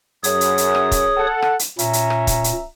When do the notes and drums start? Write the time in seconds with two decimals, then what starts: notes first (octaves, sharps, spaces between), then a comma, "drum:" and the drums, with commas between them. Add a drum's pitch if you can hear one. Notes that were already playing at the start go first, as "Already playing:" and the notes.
0.24 F#2 G#4 C#5 D#6, drum: hi-hat
0.41 drum: hi-hat
0.58 drum: hi-hat
0.75 drum: rim click
0.92 drum: kick, hi-hat
1.17 A4 F#5
1.42 drum: rim click
1.59 drum: hi-hat
1.79 A#2 C#4 E5 A#5, drum: hi-hat
1.93 drum: hi-hat
2.10 drum: rim click
2.27 drum: kick, hi-hat
2.44 drum: hi-hat